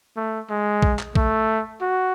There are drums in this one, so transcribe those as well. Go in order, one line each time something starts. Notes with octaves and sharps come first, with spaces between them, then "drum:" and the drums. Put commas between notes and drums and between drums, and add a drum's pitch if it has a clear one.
A3
G#3
drum: kick A#1
drum: clap
A3, drum: kick A#1
F#4